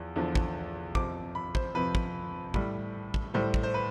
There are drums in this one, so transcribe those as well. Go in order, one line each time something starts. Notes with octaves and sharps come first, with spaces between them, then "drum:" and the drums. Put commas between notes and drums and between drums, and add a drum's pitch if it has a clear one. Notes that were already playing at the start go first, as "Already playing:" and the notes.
Already playing: E2 F3
E2 D3 F3
drum: kick
F2 C3 F3 D6, drum: kick
B5
C5, drum: kick
F2 C3 F3 B4
drum: kick
A2 G3, drum: kick
drum: kick
A2 G3 C5
drum: kick
C5
B4